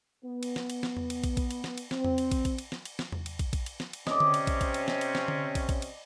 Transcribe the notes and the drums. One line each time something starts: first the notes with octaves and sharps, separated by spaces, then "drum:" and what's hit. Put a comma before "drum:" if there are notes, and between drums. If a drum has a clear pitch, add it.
B3
drum: cymbal
drum: snare
drum: cymbal
drum: snare
drum: tom E2
drum: cymbal
drum: kick, cymbal
drum: kick, cymbal
drum: cymbal
drum: snare
drum: cymbal
C4, drum: snare
drum: tom E2
drum: cymbal
drum: kick, cymbal
drum: kick, cymbal
drum: cymbal
drum: snare
drum: cymbal
drum: snare
drum: tom E2
drum: cymbal
drum: kick, cymbal
drum: kick, cymbal
drum: cymbal
drum: snare
drum: cymbal
C3 C4 C#4 D5 D#5, drum: snare
drum: tom D3
drum: cymbal
drum: kick, cymbal
drum: kick, cymbal
drum: cymbal
drum: snare
drum: cymbal
drum: snare
drum: tom D3
drum: kick, cymbal
drum: kick, cymbal
drum: cymbal